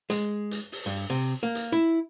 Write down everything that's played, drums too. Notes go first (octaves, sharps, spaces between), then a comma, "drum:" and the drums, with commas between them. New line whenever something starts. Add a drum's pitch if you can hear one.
G#3, drum: hi-hat
drum: hi-hat
drum: open hi-hat
G2
C3
A#3
drum: hi-hat
E4